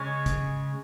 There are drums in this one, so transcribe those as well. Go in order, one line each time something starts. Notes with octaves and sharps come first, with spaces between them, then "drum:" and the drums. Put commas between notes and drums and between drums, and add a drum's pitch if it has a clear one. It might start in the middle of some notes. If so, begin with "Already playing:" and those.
Already playing: C#3 G#3 C#4 C#5
drum: kick, hi-hat